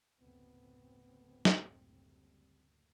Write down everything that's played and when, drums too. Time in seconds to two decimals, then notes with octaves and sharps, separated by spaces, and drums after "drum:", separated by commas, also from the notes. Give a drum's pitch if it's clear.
0.21 F#1 D2 A2 B3 C4
1.45 drum: snare
1.72 G3